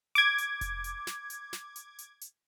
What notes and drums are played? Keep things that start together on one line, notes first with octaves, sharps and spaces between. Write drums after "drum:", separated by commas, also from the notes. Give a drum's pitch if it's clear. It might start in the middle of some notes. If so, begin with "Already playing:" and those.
D6 G#6, drum: hi-hat
drum: hi-hat
drum: kick F1, hi-hat
drum: hi-hat
drum: snare
drum: hi-hat
drum: snare
drum: hi-hat
drum: hi-hat
drum: hi-hat